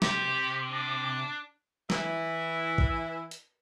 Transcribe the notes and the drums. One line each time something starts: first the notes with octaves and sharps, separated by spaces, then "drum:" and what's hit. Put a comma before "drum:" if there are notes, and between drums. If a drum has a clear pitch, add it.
C3 G4, drum: snare
D4
E3 E4, drum: snare
drum: kick A1
drum: hi-hat